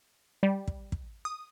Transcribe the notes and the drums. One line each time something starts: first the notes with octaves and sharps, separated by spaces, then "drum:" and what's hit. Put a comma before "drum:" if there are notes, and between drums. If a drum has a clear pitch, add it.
G3
drum: kick
drum: kick
D#6